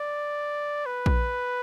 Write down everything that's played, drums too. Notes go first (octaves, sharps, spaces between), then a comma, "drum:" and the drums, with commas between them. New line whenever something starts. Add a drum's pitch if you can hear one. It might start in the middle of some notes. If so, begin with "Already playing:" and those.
Already playing: D5
B4
drum: kick A#1